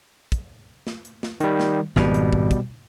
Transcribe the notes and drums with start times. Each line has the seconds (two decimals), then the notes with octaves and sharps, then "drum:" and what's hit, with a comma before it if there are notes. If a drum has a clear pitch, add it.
0.32 drum: kick, hi-hat
0.87 drum: snare
1.05 drum: hi-hat
1.23 drum: snare
1.40 D#3 G3, drum: hi-hat
1.60 drum: snare
1.96 G#1 F2 B2 G3, drum: snare
2.14 drum: hi-hat
2.33 drum: kick
2.51 drum: kick, hi-hat